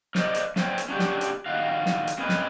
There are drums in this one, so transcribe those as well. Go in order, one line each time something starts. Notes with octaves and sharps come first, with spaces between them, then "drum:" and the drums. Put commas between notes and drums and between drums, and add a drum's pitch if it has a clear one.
A#4 C5 D5 D#5, drum: snare
drum: hi-hat
A3 B3 C5 C#5 G5, drum: snare
drum: hi-hat
C#4 D4 F#4 G4
drum: snare
drum: hi-hat
D#3 F#4 F5
drum: snare
drum: hi-hat
C4 C#4 A#4 B4 D#5 G#5
drum: snare